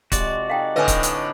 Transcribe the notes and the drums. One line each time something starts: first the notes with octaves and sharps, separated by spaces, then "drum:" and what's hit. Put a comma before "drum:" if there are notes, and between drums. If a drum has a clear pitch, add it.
C3 F3 G#3 F#4 D5, drum: kick, hi-hat
D#4 G#4 A4 F5 G5
A2 D3 B4 D#5 G#5
drum: kick, hi-hat
drum: hi-hat